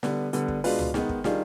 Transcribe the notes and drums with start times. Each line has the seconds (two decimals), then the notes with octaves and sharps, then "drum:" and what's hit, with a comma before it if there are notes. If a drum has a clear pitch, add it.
0.03 D3 G3 B3, drum: snare
0.33 D3 G3 B3, drum: hi-hat
0.48 drum: kick
0.64 B2 G#3 D4 F4 B4, drum: open hi-hat
0.79 drum: tom C#2
0.94 D#3 G#3 B3 D#4, drum: snare
1.09 drum: kick
1.24 D#3 G3 D4 F4 G#4, drum: snare